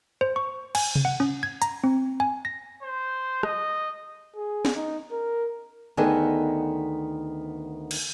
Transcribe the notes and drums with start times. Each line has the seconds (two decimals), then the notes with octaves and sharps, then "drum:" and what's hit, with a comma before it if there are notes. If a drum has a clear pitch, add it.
0.21 C5
0.36 C#6
0.75 G#5, drum: cymbal
0.95 drum: tom C3
1.05 F#5
1.20 C#4
1.43 G#6
1.62 A#5, drum: hi-hat
1.84 C4
2.20 G#5
2.45 A#6
2.83 C5
3.43 D#5, drum: rim click
4.36 G#4
4.65 drum: snare
4.75 D#4
5.12 A#4
5.97 D2 D#3 B3 G#4 A4 D#5
7.91 drum: cymbal